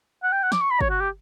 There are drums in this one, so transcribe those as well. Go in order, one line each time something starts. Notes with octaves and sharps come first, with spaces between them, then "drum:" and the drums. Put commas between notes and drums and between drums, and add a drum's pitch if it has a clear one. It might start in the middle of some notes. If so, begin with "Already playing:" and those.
F#5
G5
F#5
D6, drum: snare
C#6
B5
C#5, drum: kick
F#4
G4